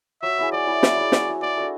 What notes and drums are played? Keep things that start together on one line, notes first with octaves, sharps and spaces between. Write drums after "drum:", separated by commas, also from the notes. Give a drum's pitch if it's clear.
F#3 E5
B3 E4 G#4
F#3 D5
B3 E4 G#4
F#3, drum: snare
B3 E4 G#4
F#3, drum: snare
B3 E4 G#4
B3 D5
D4 F#4 A4